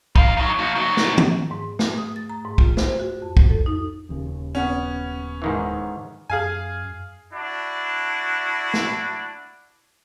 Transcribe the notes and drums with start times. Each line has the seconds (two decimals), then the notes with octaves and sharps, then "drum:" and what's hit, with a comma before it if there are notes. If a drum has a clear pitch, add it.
0.16 D#4 F5, drum: kick
0.37 F#3 D#4
0.59 A#3 F#4
0.75 D#4 F#4
0.97 drum: snare
1.18 drum: tom
1.51 G#2
1.79 A3, drum: snare
1.98 D#6
2.16 A6
2.29 A#5
2.45 G#2
2.58 F4, drum: kick
2.77 C5, drum: snare
3.00 F#4
3.22 F2
3.37 drum: kick
3.50 A4
3.66 D#4
4.09 D#1 D#2 C#3
4.55 B3 C#4
5.42 G#2 D#3 E3
6.30 F#2 G#4 F5 G#5
7.32 D4 E4 F#4
8.74 drum: snare